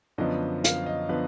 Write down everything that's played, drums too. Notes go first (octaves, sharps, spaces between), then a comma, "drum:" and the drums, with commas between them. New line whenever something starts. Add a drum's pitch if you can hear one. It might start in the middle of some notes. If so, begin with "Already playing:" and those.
F#2 D3 F3 B3 D#5
F5, drum: hi-hat
D#5
D3 F3 B3 B4